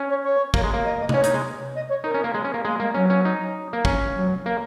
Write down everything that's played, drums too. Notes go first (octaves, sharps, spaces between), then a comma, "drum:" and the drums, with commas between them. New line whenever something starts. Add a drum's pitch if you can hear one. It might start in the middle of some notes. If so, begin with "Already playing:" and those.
Already playing: C#4
C#5
C#5
A#3, drum: kick
G#3
A#3
D#5
D#5
D#5, drum: tom C3
C#4 C#5
D#4, drum: hi-hat
G#3
D#5
C#5
D#4 A#4
C#4
A#3
G#3
C#4
A#3
G#3 A#3
G#3 A#3
F#3 C#4
C#4
D#4
A#3
C#4, drum: kick
F#3
A#3